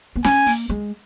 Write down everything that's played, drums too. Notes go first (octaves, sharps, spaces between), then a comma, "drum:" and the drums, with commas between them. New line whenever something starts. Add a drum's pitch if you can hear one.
B3
C#4 G#5, drum: snare
A#3, drum: open hi-hat
G#3